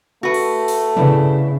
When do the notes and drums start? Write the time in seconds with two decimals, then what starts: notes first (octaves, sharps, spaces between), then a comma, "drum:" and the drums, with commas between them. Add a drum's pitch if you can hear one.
0.23 A3 F#4 B4
0.34 drum: cymbal
0.68 drum: open hi-hat
0.97 C#3 B3 D4 E4, drum: tom